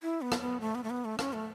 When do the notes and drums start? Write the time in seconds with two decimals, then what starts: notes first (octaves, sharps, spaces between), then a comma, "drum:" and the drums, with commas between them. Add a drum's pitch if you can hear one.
0.03 E4
0.22 B3
0.32 drum: rim click
0.41 B3
0.61 A3
0.75 B3
0.84 A3
0.90 B3
1.05 A3
1.19 C#4, drum: rim click
1.33 A3